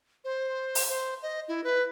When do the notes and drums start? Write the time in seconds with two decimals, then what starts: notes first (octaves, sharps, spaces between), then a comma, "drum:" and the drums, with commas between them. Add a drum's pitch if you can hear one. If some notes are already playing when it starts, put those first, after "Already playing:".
0.24 C5
0.75 drum: open hi-hat
0.89 C5
1.22 D#5
1.48 E4
1.64 B4